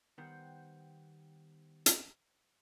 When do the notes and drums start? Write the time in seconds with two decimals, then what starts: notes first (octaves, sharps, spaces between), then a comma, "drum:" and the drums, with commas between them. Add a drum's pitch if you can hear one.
0.18 D#3 G3 B3 C5 F#5 G5
1.86 drum: hi-hat